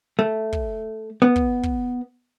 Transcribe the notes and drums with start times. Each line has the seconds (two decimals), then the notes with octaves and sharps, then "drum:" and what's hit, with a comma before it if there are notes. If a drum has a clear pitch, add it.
0.19 A3
0.53 drum: kick
1.22 B3
1.36 drum: kick
1.63 drum: kick